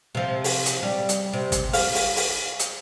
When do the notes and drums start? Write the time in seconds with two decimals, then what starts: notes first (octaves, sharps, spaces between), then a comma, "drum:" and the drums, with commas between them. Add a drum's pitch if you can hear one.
0.15 C3 F3
0.44 drum: open hi-hat
0.66 drum: hi-hat
0.83 G3
1.09 drum: hi-hat
1.33 C3
1.52 drum: kick, hi-hat
1.73 F5, drum: open hi-hat
1.95 drum: open hi-hat
2.16 drum: open hi-hat
2.59 drum: hi-hat